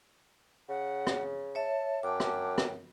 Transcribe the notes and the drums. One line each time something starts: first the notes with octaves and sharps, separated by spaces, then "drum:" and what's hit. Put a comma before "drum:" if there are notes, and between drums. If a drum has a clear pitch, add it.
C#3 F#5
drum: rim click
C#5 E5 A5
F#2 G5 A5 D6
drum: rim click
drum: rim click